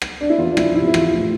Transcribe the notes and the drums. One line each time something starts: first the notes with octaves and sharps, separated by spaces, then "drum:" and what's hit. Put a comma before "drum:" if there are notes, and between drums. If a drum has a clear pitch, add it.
drum: rim click
D4
E4
E2 F4
D4
F3 E4, drum: rim click
C3 E4
E4
E2 F4, drum: rim click
A2